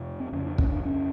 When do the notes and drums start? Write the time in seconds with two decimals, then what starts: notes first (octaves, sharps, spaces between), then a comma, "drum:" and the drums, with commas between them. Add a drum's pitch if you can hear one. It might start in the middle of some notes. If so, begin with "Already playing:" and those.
Already playing: F2 C3
0.20 C4
0.33 F2 C#3 C#4
0.46 D4
0.58 C#4, drum: kick
0.72 D4
0.85 C#4